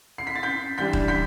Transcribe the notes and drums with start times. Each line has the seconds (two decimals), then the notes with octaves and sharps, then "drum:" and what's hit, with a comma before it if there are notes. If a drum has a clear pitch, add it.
0.18 C7
0.27 B6
0.35 A6
0.43 G6 B6
0.78 E3 G3 D4 G6 B6
0.93 drum: kick D#1
1.08 G6 B6